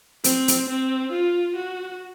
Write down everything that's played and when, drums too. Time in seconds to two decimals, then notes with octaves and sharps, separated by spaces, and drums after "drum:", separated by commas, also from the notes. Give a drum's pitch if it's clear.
0.24 C4, drum: hi-hat
0.48 drum: hi-hat
0.69 C4
1.12 F4
1.56 F#4